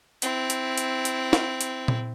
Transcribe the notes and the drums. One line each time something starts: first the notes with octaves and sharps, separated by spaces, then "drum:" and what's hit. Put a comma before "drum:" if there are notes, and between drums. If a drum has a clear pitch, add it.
C4 E4, drum: hi-hat
drum: hi-hat
drum: hi-hat
drum: hi-hat
drum: snare
drum: hi-hat
drum: tom A#2